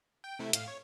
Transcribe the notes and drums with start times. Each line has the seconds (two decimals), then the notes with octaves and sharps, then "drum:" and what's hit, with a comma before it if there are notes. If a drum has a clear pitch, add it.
0.24 G5
0.39 C3 A3 E4
0.53 A2 F5, drum: hi-hat
0.68 C#5